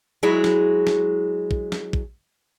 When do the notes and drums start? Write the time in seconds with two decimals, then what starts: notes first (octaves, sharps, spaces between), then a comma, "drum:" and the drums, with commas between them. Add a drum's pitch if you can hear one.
0.23 F#3 G#3 E4
0.44 drum: snare
0.87 drum: snare
1.51 drum: kick
1.72 drum: snare
1.93 drum: kick